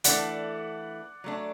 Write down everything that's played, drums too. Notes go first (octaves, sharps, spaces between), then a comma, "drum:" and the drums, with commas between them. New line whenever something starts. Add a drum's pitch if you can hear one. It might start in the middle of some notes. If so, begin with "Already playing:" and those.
E3 A3 D4 A4 D5 F#5, drum: hi-hat
F#3 A3 D4